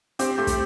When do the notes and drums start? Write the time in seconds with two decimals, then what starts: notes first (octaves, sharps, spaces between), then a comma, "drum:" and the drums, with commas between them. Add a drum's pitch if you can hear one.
0.19 C4 G4, drum: hi-hat
0.38 A3 G4
0.47 drum: kick, hi-hat